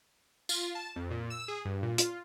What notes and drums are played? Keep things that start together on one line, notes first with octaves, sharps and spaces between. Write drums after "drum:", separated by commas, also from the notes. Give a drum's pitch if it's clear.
F4, drum: tambourine
A5
F2
A#2
E6
G#4
G2
A#2
F4, drum: hi-hat